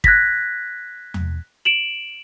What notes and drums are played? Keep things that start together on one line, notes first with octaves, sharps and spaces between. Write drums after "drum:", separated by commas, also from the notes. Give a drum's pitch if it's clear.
F#6 G#6 A#6 B6, drum: kick
drum: tom E2
D7 E7 F#7